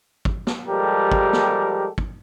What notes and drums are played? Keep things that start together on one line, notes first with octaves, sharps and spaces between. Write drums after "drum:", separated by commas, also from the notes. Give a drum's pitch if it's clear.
drum: kick
drum: snare
F3 G3 G#3 G4 A4 A#4
drum: kick
drum: snare
drum: kick